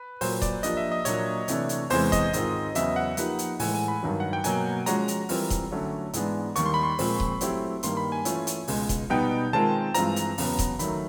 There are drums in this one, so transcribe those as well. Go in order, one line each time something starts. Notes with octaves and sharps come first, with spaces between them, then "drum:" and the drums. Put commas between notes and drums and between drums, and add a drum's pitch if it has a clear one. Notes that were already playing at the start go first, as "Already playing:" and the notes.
Already playing: B4
A#2 F#3 A#3 C5, drum: open hi-hat
D5, drum: kick D#1, hi-hat
F3 A#3 D4 G4 D#5, drum: hi-hat
E5
D#5
A#2 F#3 A#3 D4 C#5, drum: hi-hat
C3 E3 A3 D4, drum: hi-hat
drum: hi-hat
E2 C3 E3 G#3 C5, drum: open hi-hat
D#5, drum: kick D#1, hi-hat
G#2 D#3 G#3 C4 F4, drum: hi-hat
E2 C#3 F#3 B3 E4 E5, drum: hi-hat
F#5
F3 A#3 D#4 G4 B4, drum: hi-hat
drum: hi-hat
A2 E3 G#3 G#5, drum: open hi-hat
G#5
B5
G2 D#3 F#3
F#5
G5
B2 F#3 A#3 G#5, drum: hi-hat
F3 G#3 C#4 F#4 A#5, drum: hi-hat
drum: hi-hat
E3 G3 C4 F4 A#4, drum: open hi-hat
drum: kick D#1, hi-hat
D3 F#3 A3 C#4
G#2 E3 G#3 B3 D4, drum: hi-hat
D#2 D#3 G3 C#6, drum: hi-hat
C6
B5
C6
A#2 F3 G#3 C4, drum: open hi-hat
drum: kick D#1
F#3 A3 C4 E4 G4, drum: hi-hat
G2 D#3 G3 A#3 C6, drum: hi-hat
B5
G#5
E3 A3 C#4 F4, drum: hi-hat
drum: hi-hat
C#2 B2 G#3, drum: open hi-hat
drum: kick D#1, hi-hat
B2 G3 B3 D#4 G5
D#3 G#3 C4 F4 A#4 A5
G2 E3 G#3 C4 F4 A#5, drum: hi-hat
drum: hi-hat
E2 C#3 F#3 B3, drum: open hi-hat
drum: kick D#1, hi-hat
D#3 F#3 A3 B5, drum: hi-hat